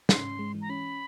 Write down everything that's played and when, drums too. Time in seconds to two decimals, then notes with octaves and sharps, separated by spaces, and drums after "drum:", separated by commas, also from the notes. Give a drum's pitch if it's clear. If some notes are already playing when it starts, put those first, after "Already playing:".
0.09 C#4 C6, drum: snare
0.24 G#2
0.39 G#3
0.54 E3
0.61 A#5
0.69 C#4 B5